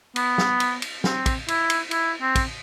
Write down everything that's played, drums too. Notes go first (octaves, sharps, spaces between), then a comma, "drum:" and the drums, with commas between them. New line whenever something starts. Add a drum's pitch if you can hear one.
B3, drum: cymbal
drum: snare
drum: cymbal
drum: cymbal
C4, drum: snare
drum: kick, cymbal
E4, drum: cymbal
drum: cymbal
E4, drum: cymbal
C4
drum: kick, cymbal